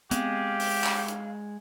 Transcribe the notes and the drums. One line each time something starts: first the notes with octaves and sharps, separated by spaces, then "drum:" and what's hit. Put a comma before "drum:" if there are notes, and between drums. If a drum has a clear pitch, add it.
G#3 B3 C4 G4 F5, drum: hi-hat
drum: open hi-hat
drum: clap
drum: hi-hat